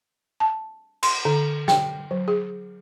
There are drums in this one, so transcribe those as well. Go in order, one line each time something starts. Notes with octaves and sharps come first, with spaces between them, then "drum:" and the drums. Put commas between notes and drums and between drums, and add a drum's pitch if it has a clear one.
A5
C6, drum: cymbal
D3
G5, drum: snare
F#3
G#4